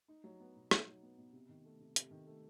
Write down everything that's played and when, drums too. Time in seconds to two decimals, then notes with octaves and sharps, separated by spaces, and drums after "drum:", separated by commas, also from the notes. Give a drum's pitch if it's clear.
0.08 D#4
0.24 F#3
0.40 B3
0.56 B2
0.71 D#4, drum: rim click
0.87 F#3
1.03 B3
1.18 B2
1.33 C3
1.49 D#3
1.65 A3
1.80 C3
1.96 C3, drum: hi-hat
2.11 D#3
2.27 A3